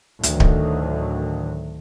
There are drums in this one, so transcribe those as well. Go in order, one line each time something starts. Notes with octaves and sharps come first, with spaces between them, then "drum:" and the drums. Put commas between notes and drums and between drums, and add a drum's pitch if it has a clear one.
D2 A2 D3 D#3 F#3, drum: hi-hat
drum: kick D1